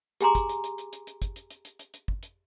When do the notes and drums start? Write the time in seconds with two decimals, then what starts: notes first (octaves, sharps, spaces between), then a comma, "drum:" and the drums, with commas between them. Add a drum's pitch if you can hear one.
0.21 G4 G#4 G#5 A#5 C6 D6, drum: hi-hat
0.35 drum: kick, hi-hat
0.49 drum: hi-hat
0.64 drum: hi-hat
0.78 drum: hi-hat
0.93 drum: hi-hat
1.07 drum: hi-hat
1.22 drum: kick, hi-hat
1.36 drum: hi-hat
1.50 drum: hi-hat
1.65 drum: hi-hat
1.79 drum: hi-hat
1.94 drum: hi-hat
2.08 drum: kick
2.23 drum: hi-hat